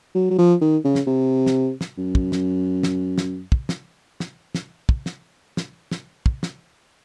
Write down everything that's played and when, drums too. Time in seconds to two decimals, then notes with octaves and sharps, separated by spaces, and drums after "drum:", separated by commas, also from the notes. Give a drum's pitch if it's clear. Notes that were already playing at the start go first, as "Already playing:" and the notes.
0.15 F#3
0.30 F#3
0.38 F3
0.61 D#3
0.84 C#3
0.95 drum: snare
1.07 C3
1.46 drum: snare
1.81 drum: snare
1.98 F#2
2.15 drum: kick
2.32 drum: snare
2.83 drum: snare
3.18 drum: snare
3.52 drum: kick
3.69 drum: snare
4.20 drum: snare
4.55 drum: snare
4.89 drum: kick
5.06 drum: snare
5.57 drum: snare
5.91 drum: snare
6.26 drum: kick
6.43 drum: snare